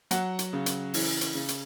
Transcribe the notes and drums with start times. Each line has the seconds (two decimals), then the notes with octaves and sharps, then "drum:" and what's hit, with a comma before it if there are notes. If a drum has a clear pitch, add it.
0.11 F#3 F#5, drum: hi-hat
0.39 drum: hi-hat
0.53 C#3
0.66 drum: hi-hat
0.94 E3, drum: open hi-hat
1.21 drum: hi-hat
1.35 C#3
1.48 drum: hi-hat